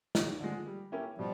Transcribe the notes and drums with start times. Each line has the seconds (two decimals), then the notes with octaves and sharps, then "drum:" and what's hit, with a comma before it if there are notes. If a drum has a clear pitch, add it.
0.15 D#2, drum: snare
0.40 D3 F3 G#3
0.67 G3
0.92 A#3 C#4 E4 G4
1.18 B2 F3 G3